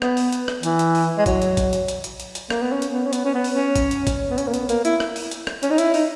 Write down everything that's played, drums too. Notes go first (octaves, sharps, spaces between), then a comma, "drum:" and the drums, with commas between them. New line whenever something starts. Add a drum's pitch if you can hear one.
B3, drum: rim click
drum: open hi-hat
drum: hi-hat
drum: rim click
E3, drum: hi-hat
drum: hi-hat
drum: open hi-hat
G#3
F#3, drum: kick, hi-hat
drum: hi-hat
drum: kick, hi-hat
drum: hi-hat
drum: hi-hat
drum: hi-hat
drum: hi-hat
drum: hi-hat
A#3, drum: rim click
B3
C#4
drum: hi-hat
B3
C#4
B3, drum: hi-hat
C#4
B3
drum: open hi-hat
C#4
drum: kick, hi-hat
drum: hi-hat
drum: kick, hi-hat
B3
C#4, drum: hi-hat
A#3
B3, drum: hi-hat
A#3, drum: hi-hat
E4, drum: hi-hat
drum: rim click
drum: open hi-hat
drum: hi-hat
drum: rim click
C#4, drum: hi-hat
D#4
E4, drum: hi-hat
D#4, drum: open hi-hat